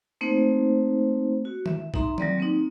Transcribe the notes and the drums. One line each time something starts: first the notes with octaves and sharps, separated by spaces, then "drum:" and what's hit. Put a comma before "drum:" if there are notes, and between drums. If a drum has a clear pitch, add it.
A3 A#3 C4 D#4 C5
F#4
E5, drum: tom D#3
D#4 E5 A#5 C6, drum: kick
F#3 G3 C4 D5, drum: tom D#3
A#3 C4 D#4